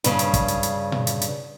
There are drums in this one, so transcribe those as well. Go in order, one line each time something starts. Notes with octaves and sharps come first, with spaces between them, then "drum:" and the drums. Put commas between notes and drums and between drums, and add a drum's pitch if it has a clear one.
G2 C#3, drum: hi-hat
drum: hi-hat
drum: kick, hi-hat
drum: hi-hat
drum: hi-hat
drum: tom A#2
drum: hi-hat
drum: hi-hat